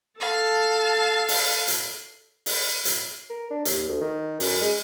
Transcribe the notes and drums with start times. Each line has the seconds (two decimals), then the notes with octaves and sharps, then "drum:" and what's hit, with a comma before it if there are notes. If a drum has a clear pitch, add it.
0.20 A4 F5 A5
1.28 drum: open hi-hat
1.68 drum: hi-hat
2.46 drum: open hi-hat
2.85 drum: hi-hat
3.30 A#4
3.50 D4
3.65 D#2, drum: hi-hat
3.88 D2
4.01 D#3
4.40 F#2, drum: open hi-hat
4.61 G#3